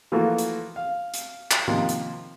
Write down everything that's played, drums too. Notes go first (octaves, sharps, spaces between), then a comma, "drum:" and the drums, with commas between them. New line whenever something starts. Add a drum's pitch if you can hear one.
E3 F3 A3 A#3 F4 F#4
drum: hi-hat
F5
drum: hi-hat
drum: clap
C3 D#3 F3 A#3
drum: hi-hat